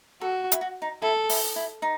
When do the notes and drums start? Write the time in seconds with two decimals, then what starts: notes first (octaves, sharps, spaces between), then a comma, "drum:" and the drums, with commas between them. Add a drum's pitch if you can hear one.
0.21 F#4 A4
0.52 E4, drum: hi-hat
0.61 F#4
0.82 D#4
1.02 E4 A4
1.29 E4, drum: open hi-hat
1.56 E4
1.82 D#4